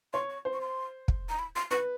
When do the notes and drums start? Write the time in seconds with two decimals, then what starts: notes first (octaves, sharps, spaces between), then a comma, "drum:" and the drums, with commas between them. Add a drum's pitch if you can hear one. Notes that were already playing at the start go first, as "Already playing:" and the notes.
0.13 C#5 C6
0.30 C#6
0.45 C5
0.53 C#6
0.61 C6
1.08 drum: kick
1.29 A#5
1.39 B5
1.56 C6
1.71 B4 C#6